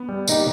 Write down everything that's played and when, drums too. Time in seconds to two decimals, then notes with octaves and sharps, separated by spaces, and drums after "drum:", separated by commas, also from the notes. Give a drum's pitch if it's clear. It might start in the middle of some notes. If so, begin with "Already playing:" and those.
Already playing: B3
0.09 G3
0.28 A#3 D#4 G4, drum: tambourine